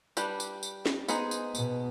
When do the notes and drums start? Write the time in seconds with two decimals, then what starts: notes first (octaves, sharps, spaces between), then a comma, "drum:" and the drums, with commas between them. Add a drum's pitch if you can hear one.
0.17 G3 D4 G4 B4, drum: tambourine
0.40 drum: tambourine
0.63 drum: tambourine
0.86 drum: snare
1.08 B3 D#4 G#4 C5, drum: tambourine
1.31 drum: tambourine
1.55 B2, drum: tambourine